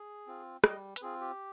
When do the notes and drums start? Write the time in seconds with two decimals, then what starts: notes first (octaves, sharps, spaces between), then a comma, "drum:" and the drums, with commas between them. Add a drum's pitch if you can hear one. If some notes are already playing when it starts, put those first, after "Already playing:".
Already playing: G#4
0.27 C4 F4
0.64 G3 D#5, drum: rim click
0.96 B4, drum: hi-hat
1.02 C4 F4 G#4
1.20 G4